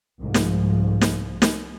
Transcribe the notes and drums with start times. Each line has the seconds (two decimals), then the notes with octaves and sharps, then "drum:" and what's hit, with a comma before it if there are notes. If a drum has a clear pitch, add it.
0.21 C2 G#2 F3
0.34 drum: snare
1.01 drum: snare
1.42 drum: snare